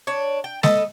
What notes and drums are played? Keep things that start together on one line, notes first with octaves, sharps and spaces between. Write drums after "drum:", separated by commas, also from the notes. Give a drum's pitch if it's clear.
D4 C#5
G5
A4 B4 D#5, drum: snare G#3